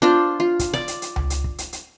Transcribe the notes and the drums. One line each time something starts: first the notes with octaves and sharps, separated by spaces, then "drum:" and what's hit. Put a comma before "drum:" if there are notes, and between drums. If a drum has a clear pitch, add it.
D4 F4 C5
F4
drum: kick, hi-hat
D5, drum: snare
drum: hi-hat
drum: hi-hat
drum: tom C#2
drum: hi-hat
drum: kick
drum: hi-hat
drum: hi-hat